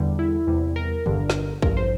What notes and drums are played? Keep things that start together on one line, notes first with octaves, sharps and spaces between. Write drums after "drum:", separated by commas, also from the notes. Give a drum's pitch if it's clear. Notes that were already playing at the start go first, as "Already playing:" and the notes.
Already playing: E2 D3 G3
E4
E2 C3 G3
A#4
G1 G2 D3, drum: tom D#3
drum: snare
A1 G2 F3 A#4, drum: kick
C5